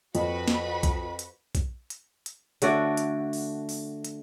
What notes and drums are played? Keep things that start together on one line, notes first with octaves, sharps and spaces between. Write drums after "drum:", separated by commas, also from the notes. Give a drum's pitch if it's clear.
F2 F#4 B4 B5, drum: hi-hat
drum: snare
drum: kick A#1, hi-hat
drum: hi-hat
drum: kick A#1, hi-hat
drum: hi-hat
drum: hi-hat
D3 A3 F#4 D5, drum: hi-hat
drum: hi-hat
drum: open hi-hat
drum: open hi-hat
drum: hi-hat